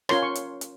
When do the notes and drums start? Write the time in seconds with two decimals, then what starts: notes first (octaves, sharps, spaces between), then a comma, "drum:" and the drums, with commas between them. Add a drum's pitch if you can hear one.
0.09 C#4 F4 A#4 C#5 C6, drum: rim click
0.23 C#6
0.35 drum: hi-hat
0.61 drum: hi-hat